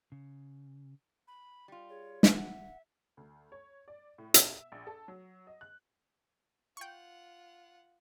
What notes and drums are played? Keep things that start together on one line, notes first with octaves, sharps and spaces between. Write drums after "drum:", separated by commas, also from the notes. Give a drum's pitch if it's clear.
C#3
B5
G3 F4
G#4 C#5
drum: snare
E5 F#5
D2
C#5
D5
A2
B2, drum: hi-hat
E5
A#1
A4
F#3
D#5
F#6
F4 F#5 G5 C#6